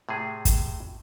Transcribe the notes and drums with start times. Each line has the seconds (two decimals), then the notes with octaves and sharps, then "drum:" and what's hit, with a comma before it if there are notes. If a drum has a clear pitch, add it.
0.09 A2 C3 G#4
0.45 drum: kick, hi-hat